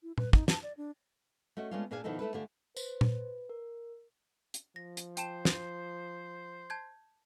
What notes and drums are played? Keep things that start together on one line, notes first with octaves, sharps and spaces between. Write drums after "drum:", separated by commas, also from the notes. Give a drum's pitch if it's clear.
E4
B4, drum: tom A#2
D#4, drum: kick
A5, drum: snare
D5
D4
A3 C#4 F#4 D#5
G#3 A3 B3 C#4 D4 F4
A#2 A#3 D4 G#4 F5 G#5
B2 D#3 F3 D#4 E4 A4
A3 E4 A4 B4
D3 A3 F4 G4 G#5
B4 C5, drum: tambourine
drum: tom A#2
A#4
drum: hi-hat
F3 A#6
drum: hi-hat
C5 G5 A5 E7, drum: hi-hat
drum: snare
A5 G6 G#6